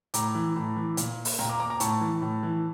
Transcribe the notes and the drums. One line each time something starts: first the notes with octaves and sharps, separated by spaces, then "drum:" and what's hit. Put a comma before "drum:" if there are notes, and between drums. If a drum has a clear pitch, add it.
A2 A#5 D6, drum: hi-hat
E3
A2
E3
A#2, drum: hi-hat
drum: open hi-hat
A#2 G5 A#5
A#5 D6
A#5 D6
A#5 D6
A2 A5 C#6, drum: hi-hat
E3
A2
E3